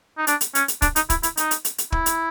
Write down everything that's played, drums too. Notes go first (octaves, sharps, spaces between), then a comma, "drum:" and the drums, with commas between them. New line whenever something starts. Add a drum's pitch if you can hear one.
D#4
D4, drum: hi-hat
drum: hi-hat
C#4, drum: hi-hat
drum: hi-hat
D4, drum: kick, hi-hat
D#4, drum: hi-hat
E4, drum: kick, hi-hat
E4, drum: hi-hat
D#4, drum: hi-hat
drum: hi-hat
drum: hi-hat
drum: hi-hat
E4, drum: kick
drum: hi-hat